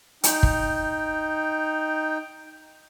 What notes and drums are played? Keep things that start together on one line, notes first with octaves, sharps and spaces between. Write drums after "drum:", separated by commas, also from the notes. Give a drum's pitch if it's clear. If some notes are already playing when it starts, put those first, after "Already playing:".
D#4 G5, drum: hi-hat
drum: kick